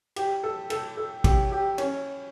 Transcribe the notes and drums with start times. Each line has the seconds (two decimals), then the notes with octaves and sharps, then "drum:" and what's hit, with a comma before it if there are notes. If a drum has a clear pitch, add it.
0.16 G4, drum: cymbal
0.43 A4
0.70 A4, drum: cymbal
0.97 A4
1.24 G4, drum: kick, cymbal
1.52 G4
1.78 C#4, drum: cymbal